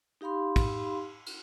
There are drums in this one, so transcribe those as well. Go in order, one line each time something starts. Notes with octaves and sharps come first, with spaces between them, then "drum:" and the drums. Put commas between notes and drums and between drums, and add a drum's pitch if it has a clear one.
D#4 G4 F5 B5 C6
drum: kick, cymbal
drum: cymbal